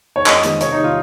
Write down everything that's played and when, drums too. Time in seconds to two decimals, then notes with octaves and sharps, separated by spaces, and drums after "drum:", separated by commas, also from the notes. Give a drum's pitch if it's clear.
0.16 C#5
0.26 F2 D#5, drum: clap
0.43 D#3 G#3 C4, drum: hi-hat
0.61 C3 C#5, drum: hi-hat
0.72 D#4
0.78 D#3 G3
0.84 F4